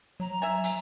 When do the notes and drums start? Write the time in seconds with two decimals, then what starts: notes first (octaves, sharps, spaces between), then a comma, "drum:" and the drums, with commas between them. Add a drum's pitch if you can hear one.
0.20 F#3 A#5
0.42 E5 G#5
0.64 drum: hi-hat